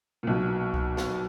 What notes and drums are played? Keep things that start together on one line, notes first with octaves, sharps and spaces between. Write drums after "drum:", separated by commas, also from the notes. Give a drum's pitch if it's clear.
A#2
B1 B2
drum: kick C2
drum: snare